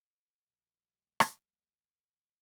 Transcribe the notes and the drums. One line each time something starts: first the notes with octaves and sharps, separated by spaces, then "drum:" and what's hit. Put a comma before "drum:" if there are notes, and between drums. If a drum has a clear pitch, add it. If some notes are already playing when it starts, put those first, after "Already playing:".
A#1 D#2 A#2 G3
drum: rim click